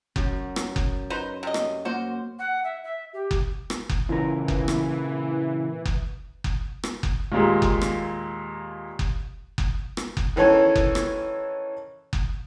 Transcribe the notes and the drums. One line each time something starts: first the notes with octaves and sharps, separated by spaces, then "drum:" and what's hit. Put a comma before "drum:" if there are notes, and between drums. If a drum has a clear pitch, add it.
F#2, drum: kick F#1
drum: rim click
drum: kick F#1
D#4 B4 C5
C3 D#5
drum: rim click
A#3 F#4 C5
F#5
E5
E5
G4
drum: kick F#1
drum: rim click
drum: kick F#1
A#2 C#3 E3 A#4
drum: kick F#1
drum: rim click
drum: kick F#1
drum: kick F#1
drum: rim click
drum: kick F#1
D#2 A#2 G#3
drum: kick F#1
drum: rim click
drum: kick F#1
drum: kick F#1
drum: rim click
drum: kick F#1
D#3 E3 C#4 A4 C#5
drum: kick F#1
drum: rim click
drum: kick F#1